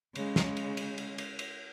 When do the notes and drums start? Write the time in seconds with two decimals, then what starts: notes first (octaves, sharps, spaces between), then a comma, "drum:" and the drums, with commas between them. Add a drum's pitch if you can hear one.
0.15 C#3 G#3, drum: cymbal
0.36 drum: snare
0.57 drum: cymbal
0.77 drum: cymbal
0.98 drum: cymbal
1.18 drum: cymbal
1.39 drum: cymbal